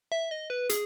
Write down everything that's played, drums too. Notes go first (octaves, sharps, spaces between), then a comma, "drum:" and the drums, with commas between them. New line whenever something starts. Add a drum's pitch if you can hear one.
E5
D#5
B4
G#4, drum: hi-hat